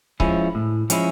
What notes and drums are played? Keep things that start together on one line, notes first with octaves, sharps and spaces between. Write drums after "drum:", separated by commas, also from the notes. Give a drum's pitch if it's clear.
F3 G#3 C#4 E4, drum: kick C#1
A2
F3 G#3 C#4 E4, drum: hi-hat